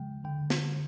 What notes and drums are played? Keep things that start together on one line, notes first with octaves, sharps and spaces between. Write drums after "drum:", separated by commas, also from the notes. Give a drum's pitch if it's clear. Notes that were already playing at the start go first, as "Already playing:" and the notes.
Already playing: C#3 F3 G#3 G5
D3 G5
drum: snare